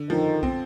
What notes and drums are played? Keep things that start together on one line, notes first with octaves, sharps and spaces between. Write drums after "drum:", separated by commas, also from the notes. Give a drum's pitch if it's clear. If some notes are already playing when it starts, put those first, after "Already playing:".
Already playing: D3
D#3 F3
C4, drum: kick